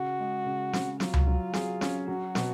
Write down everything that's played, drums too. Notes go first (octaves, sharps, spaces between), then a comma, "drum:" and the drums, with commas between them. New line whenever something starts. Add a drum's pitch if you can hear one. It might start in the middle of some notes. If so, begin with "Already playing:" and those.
Already playing: C#3 F#4
G#3
C#3
C#3, drum: snare
F#3 F4, drum: snare
drum: tom C#2
F#3
G#4, drum: snare
C#4, drum: snare
F#3 F#4
B2, drum: snare